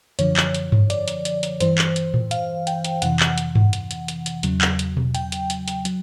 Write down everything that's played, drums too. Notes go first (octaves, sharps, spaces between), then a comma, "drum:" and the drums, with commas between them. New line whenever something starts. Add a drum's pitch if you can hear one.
F#2 D3 F3 C#5, drum: hi-hat
drum: clap
drum: hi-hat
drum: tom G2
D5, drum: hi-hat
drum: hi-hat
drum: hi-hat
drum: hi-hat
G2 E3 C5, drum: hi-hat
drum: clap
drum: hi-hat
drum: tom A2
F5, drum: hi-hat
G5, drum: hi-hat
drum: hi-hat
F2 C3 E3 F#5, drum: hi-hat
drum: clap
drum: hi-hat
drum: tom G2
drum: hi-hat
drum: hi-hat
drum: hi-hat
drum: hi-hat
E2 C#3 F#3, drum: hi-hat
drum: clap
drum: hi-hat
drum: tom B2
G5, drum: hi-hat
drum: hi-hat
drum: hi-hat
drum: hi-hat
F#3, drum: hi-hat